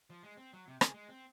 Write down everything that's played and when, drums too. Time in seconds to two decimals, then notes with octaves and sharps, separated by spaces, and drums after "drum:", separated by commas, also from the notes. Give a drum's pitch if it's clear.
0.10 F3
0.23 G#3
0.37 C4
0.53 F#3
0.68 C3
0.81 G#4, drum: rim click
0.94 G#3
1.09 C4